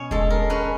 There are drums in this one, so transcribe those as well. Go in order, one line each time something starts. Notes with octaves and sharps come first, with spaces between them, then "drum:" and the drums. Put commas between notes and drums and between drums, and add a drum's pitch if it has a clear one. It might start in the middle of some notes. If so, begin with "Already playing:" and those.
Already playing: B2 C#4 C#5
G#3 A4, drum: kick E1
A#4
C#4 B4